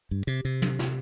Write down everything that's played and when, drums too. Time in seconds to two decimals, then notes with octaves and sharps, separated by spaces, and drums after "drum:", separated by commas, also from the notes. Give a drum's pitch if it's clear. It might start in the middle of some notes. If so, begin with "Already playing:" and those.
0.11 G2
0.27 C3
0.45 C3
0.62 drum: tom
0.79 drum: snare